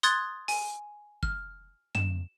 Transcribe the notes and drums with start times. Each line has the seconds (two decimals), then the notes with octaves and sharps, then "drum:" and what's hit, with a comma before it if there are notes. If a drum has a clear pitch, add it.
0.03 C6 D#6 F#6 G#6 A6, drum: hi-hat
0.48 G#5, drum: open hi-hat
1.23 F6, drum: kick
1.95 E7, drum: tom